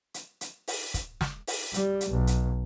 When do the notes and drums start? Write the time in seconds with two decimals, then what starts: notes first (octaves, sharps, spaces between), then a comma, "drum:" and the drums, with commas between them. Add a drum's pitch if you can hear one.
0.14 drum: hi-hat
0.41 drum: hi-hat
0.68 drum: open hi-hat
0.94 drum: kick, hi-hat
1.21 drum: snare
1.47 drum: open hi-hat
1.74 G3, drum: hi-hat
2.01 drum: hi-hat
2.11 B1
2.27 drum: hi-hat